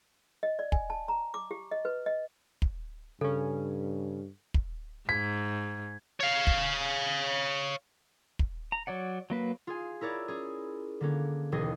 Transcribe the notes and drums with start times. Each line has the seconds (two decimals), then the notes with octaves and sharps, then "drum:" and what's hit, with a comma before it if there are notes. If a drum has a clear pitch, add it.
0.43 D#5
0.59 D5
0.72 G#5, drum: kick
0.90 A5
1.08 A#5
1.34 D6
1.51 G4
1.71 D#5
1.85 B4
2.06 D#5
2.62 drum: kick
3.21 G2 C#3 C#4 A4
4.54 drum: kick
5.09 G#2 G#6 B6
6.20 C#5 F5
6.47 drum: kick
8.39 drum: kick
8.72 A#5
8.87 F#3 C#5 D5 F#5
9.30 F#3 A#3 B4
9.67 F4 G#4 G#5
10.01 E4 A#4 C#5 D5
10.28 C#4 G#4
11.01 D3 A#3 C#4
11.52 E1 D#2 G#4 D#5